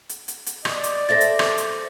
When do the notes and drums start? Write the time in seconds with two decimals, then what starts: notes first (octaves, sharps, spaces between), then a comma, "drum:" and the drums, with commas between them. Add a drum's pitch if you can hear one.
0.09 drum: hi-hat
0.28 drum: hi-hat
0.46 drum: hi-hat
0.65 D5 D#5, drum: rim click
0.83 drum: hi-hat
1.09 A4 C5 E5 A6 A#6
1.21 drum: hi-hat
1.39 drum: rim click
1.58 drum: hi-hat